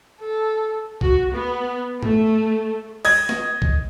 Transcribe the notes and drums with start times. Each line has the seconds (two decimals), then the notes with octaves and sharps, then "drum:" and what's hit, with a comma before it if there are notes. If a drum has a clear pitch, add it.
0.20 A4
1.01 F#4, drum: kick C2
1.33 B3
2.03 A3, drum: tom G#2
3.05 D#5 G#6, drum: open hi-hat
3.29 drum: snare
3.62 drum: kick C2